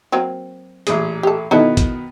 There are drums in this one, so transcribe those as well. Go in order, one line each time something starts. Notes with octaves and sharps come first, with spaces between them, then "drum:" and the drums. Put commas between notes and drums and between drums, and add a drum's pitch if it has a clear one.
F#3 A#3 C4
A1 A#2 G#4, drum: hi-hat
G4 A4
B2 D#3 B3 D#4 E4 A4
drum: kick, hi-hat